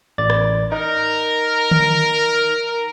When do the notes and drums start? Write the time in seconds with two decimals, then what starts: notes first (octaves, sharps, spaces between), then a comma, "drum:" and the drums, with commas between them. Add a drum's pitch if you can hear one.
0.18 A1 D5 A6
0.30 drum: rim click
0.72 D#4 A#4
1.71 drum: tom D3